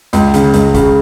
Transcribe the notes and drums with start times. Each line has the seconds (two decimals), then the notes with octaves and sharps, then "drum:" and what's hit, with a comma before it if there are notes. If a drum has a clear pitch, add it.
0.13 C#2, drum: hi-hat
0.34 C#3, drum: hi-hat
0.53 C#2, drum: hi-hat
0.74 C#3, drum: kick G1, hi-hat